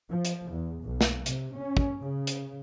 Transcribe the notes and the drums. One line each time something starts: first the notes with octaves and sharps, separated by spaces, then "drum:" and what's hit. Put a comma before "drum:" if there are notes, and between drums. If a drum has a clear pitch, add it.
F3
drum: hi-hat
E2
B1
drum: snare
C3, drum: hi-hat
C#4
drum: kick
C#3
drum: hi-hat